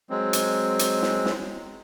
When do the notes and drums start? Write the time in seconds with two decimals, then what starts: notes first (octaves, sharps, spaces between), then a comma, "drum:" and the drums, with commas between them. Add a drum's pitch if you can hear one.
0.10 F#3 G#3 C4
0.33 drum: hi-hat
0.79 drum: hi-hat
1.02 drum: snare
1.26 drum: snare